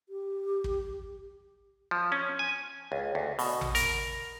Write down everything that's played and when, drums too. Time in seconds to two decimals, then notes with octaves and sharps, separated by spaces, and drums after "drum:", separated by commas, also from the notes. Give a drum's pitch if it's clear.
0.09 G4
0.64 drum: kick
1.91 F3
2.12 C#4
2.39 G#5
2.92 C#2
3.15 D2
3.39 B2, drum: open hi-hat
3.61 drum: tom A1
3.75 A#4, drum: hi-hat